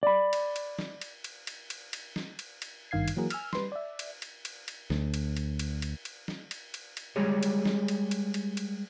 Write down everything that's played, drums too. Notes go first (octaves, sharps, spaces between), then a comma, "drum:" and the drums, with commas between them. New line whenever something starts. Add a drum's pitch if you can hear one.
D5 B5
drum: cymbal
drum: cymbal
drum: snare
drum: cymbal
drum: cymbal
drum: cymbal
drum: cymbal
drum: cymbal
drum: snare
drum: cymbal
drum: cymbal
G#1 G2 D#3 F5 G#6 C7
drum: cymbal
E3 F#3 A#3 F#4 G#4 A#4
G#5 E6 F6, drum: cymbal
G3 B4 C6, drum: snare
D5 E5
drum: cymbal
drum: cymbal
drum: cymbal
drum: cymbal
D2, drum: snare
drum: cymbal
drum: cymbal
drum: cymbal
drum: cymbal
drum: cymbal
drum: snare
drum: cymbal
drum: cymbal
drum: cymbal
G3 G#3 G4 G#4 C#5
drum: cymbal
drum: snare
drum: cymbal
drum: cymbal
drum: cymbal
drum: cymbal